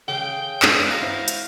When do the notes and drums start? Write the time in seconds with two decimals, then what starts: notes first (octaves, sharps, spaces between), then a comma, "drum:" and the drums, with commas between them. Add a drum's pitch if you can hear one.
0.08 C#3 G#4 G5
0.62 G2 G#3 B4, drum: clap
0.91 F#4 F5 A#5
1.03 E4 C5 E5
1.28 drum: hi-hat